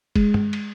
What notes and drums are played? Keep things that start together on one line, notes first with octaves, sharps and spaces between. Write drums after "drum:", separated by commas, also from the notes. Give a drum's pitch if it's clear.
G#3, drum: kick, cymbal
drum: tom G2
drum: cymbal